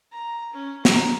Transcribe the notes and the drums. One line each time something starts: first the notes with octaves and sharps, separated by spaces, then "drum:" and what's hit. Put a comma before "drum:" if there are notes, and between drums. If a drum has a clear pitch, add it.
A#5
C#4
A#5, drum: snare